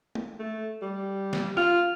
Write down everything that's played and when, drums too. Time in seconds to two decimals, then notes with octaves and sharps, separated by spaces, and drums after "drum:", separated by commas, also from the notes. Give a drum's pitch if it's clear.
0.15 drum: tom G#3
0.39 A3
0.82 G3
1.33 drum: snare
1.57 F4 F6, drum: rim click